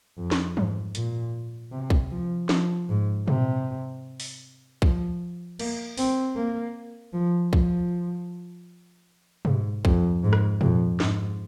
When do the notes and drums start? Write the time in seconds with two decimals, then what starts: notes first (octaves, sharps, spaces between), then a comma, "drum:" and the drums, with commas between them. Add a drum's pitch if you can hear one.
0.17 F2
0.31 drum: snare
0.57 G#2, drum: tom E3
0.95 A#2, drum: hi-hat
1.72 C3
1.90 drum: kick
2.10 F3
2.49 F3, drum: snare
2.89 G#2
3.28 C3, drum: tom A#2
4.20 drum: open hi-hat
4.82 F3, drum: kick
5.59 A#3, drum: cymbal
5.98 C4, drum: open hi-hat
6.36 A#3
7.13 F3
7.53 F3, drum: kick
9.45 G#2, drum: tom B2
9.85 F2, drum: kick
10.23 G#2
10.33 drum: rim click
10.61 F2, drum: tom A#2
11.00 G#2, drum: snare